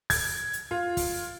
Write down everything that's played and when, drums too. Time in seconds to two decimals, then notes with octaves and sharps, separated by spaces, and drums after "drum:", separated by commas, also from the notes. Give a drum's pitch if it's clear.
0.10 G#6, drum: kick, open hi-hat
0.53 drum: hi-hat
0.71 F4
0.97 drum: kick, open hi-hat